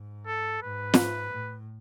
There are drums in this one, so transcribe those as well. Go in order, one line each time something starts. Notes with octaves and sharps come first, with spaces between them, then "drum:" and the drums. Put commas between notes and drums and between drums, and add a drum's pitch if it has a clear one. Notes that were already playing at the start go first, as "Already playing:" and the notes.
Already playing: G#2
A4
G#2 B4
drum: snare
A2